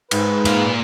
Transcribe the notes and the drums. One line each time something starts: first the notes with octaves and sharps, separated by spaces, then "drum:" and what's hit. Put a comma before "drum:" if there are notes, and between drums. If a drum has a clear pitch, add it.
G#2 B4, drum: cymbal
A#2 F5, drum: cymbal